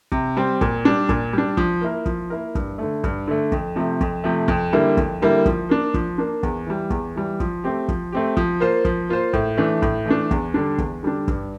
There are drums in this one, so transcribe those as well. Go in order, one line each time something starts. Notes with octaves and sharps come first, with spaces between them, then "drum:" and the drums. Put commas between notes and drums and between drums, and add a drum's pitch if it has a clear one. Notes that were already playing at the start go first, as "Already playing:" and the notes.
C3, drum: kick
G3 C4
A#2, drum: kick
G3 D4
A#2, drum: kick
G3 D4
F3, drum: kick
A#3 E4 A#4
F3, drum: kick
A#3 E4 A#4
G2, drum: kick
D3 A3
G2, drum: kick
D3 A3
F2, drum: kick
C3 F3 A3
F2, drum: kick
C3 F3 A3
F2, drum: kick
D3 G3 A#3 E4
F2, drum: kick
D3 G3 A#3 E4
F3, drum: kick
A#3 D4
F3, drum: kick
A#3 D4
E2, drum: kick
E3 G3
E2, drum: kick
E3 G3
F3, drum: kick
A3 C4 G4
F3, drum: kick
A3 C4 G4
F3, drum: kick
A#3 F4 C5
F3, drum: kick
A#3 F4 C5
A2, drum: kick
E3 A3 D4
A2, drum: kick
E3 A3 D4
E2, drum: kick
D3 G3 D4
E2, drum: kick
D3 G3 D4
G2, drum: kick